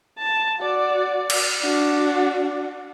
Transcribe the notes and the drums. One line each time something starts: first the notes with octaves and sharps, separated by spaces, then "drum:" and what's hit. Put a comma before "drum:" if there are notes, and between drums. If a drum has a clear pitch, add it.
A5
F#4 D5
drum: cymbal
D4 F#4